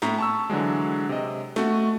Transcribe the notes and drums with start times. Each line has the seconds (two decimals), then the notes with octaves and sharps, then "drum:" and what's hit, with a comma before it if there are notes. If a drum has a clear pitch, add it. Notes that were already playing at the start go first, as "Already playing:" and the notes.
0.02 A2 A#5 B6, drum: snare
0.18 A5 C#6 E6
0.50 D3 E3 F#3 G#3
1.09 C3 D#5
1.56 A3 F#4, drum: snare